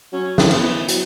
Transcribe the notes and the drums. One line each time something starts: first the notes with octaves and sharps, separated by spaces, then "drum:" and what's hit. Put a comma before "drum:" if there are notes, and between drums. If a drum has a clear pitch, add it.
F#3 C#4
E3, drum: snare
B3, drum: cymbal
E3
F#3, drum: hi-hat